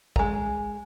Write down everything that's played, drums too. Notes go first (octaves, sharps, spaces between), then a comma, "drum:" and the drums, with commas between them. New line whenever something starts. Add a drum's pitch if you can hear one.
G#3 A#5, drum: kick